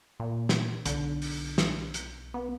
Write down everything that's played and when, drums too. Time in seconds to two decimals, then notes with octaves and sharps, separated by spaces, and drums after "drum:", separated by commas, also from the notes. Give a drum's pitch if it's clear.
0.20 A#2
0.49 drum: snare
0.85 B1 D3, drum: hi-hat
1.22 drum: open hi-hat
1.58 drum: snare
1.94 drum: hi-hat
2.34 B3